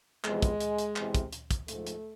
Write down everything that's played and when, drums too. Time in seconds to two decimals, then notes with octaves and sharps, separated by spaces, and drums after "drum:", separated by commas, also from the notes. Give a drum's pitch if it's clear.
0.24 E2 C3 F3 G#3, drum: clap
0.42 drum: kick, hi-hat
0.60 drum: hi-hat
0.78 drum: hi-hat
0.96 E2 C3 E3, drum: clap
1.15 drum: kick, hi-hat
1.33 drum: hi-hat
1.51 drum: kick, hi-hat
1.68 G#2 F3 A3, drum: hi-hat
1.87 drum: hi-hat